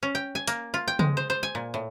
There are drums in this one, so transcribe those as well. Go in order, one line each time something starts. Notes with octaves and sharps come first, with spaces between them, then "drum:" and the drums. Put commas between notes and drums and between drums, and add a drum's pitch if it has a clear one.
C#4
G5
G#5
A#3, drum: hi-hat
F4
G5
G#3, drum: tom C#3
C5
C5
G#5
A#2
A2